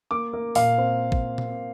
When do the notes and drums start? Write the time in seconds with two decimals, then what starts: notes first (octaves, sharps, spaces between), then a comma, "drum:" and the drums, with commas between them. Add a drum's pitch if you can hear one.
0.11 A#3 D6
0.33 A#3
0.55 A#2 F5, drum: open hi-hat
0.78 C4
1.12 drum: kick G#1
1.38 drum: tom A#2